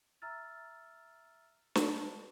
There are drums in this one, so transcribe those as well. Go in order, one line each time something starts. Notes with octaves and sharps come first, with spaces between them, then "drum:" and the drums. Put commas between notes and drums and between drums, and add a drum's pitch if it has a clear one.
E5 A#5 E6 F6 A6
B4 A5, drum: snare